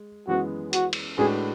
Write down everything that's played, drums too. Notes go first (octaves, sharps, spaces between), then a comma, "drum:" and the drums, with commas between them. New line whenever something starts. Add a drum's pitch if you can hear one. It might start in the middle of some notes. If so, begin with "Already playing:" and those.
Already playing: G#3
F#2 E3 G#3 B3 F#4
F#4, drum: hi-hat
drum: cymbal
A2 G#3 D4 F#4 G#4 B4